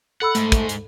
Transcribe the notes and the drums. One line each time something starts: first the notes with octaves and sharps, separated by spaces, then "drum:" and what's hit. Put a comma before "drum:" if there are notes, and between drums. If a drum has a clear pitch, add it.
A4 F#5 B5 E6
G#2 A3, drum: hi-hat
drum: kick, hi-hat
drum: hi-hat